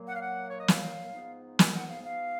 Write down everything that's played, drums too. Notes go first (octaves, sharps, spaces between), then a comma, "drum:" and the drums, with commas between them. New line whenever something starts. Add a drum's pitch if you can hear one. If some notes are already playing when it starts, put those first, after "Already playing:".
Already playing: A#2 F#3 A#3
F#5
F5
F#5
C#5
D#5
F5, drum: snare
G#2 F3 B3 D#4
G#5, drum: snare
F#5
F5
F5